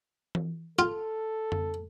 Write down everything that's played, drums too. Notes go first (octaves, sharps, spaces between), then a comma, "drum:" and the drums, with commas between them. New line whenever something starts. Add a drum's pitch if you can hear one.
drum: tom E3
F4 A4, drum: hi-hat
drum: tom F2